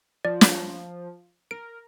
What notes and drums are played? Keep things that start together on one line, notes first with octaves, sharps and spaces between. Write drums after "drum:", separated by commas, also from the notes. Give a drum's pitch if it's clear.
F3 D5
drum: snare
A#4 D7